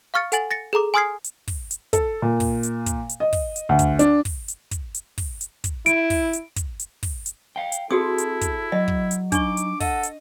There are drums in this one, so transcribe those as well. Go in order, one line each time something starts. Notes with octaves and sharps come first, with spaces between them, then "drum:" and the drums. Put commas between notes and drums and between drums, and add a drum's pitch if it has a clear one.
F5 C#6 F6 A6 C#7
A4 F#5 G#5 A6 F#7, drum: hi-hat
A6 A#6 C#7
G#4 A4 A#5 D6
G#5 C6 D#6 F6 G#6 C7
drum: hi-hat
drum: kick, open hi-hat
drum: hi-hat
A4, drum: kick, hi-hat
A#2
drum: kick, open hi-hat
drum: hi-hat
drum: kick, hi-hat
drum: hi-hat
D#5
drum: kick, open hi-hat
drum: hi-hat
D2
drum: kick, hi-hat
D4, drum: hi-hat
drum: kick, open hi-hat
drum: hi-hat
drum: kick, hi-hat
drum: hi-hat
drum: kick, open hi-hat
drum: hi-hat
drum: kick, hi-hat
E4 D7, drum: hi-hat
drum: kick, open hi-hat
drum: hi-hat
drum: kick, hi-hat
drum: hi-hat
drum: kick, open hi-hat
drum: hi-hat
F5 G5
drum: hi-hat
C4 E4 F#4 G#4 A4 D#6
drum: hi-hat
drum: kick, hi-hat
F#3 D#5
drum: kick
drum: hi-hat
D4 D#4 C#6 D6, drum: kick, hi-hat
drum: hi-hat
A4 D#5 F#5, drum: kick, open hi-hat
drum: hi-hat